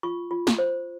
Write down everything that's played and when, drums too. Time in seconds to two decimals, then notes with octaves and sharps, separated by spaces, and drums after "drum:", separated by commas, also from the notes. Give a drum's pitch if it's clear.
0.03 F4 C#6
0.31 F4
0.47 drum: snare
0.59 C5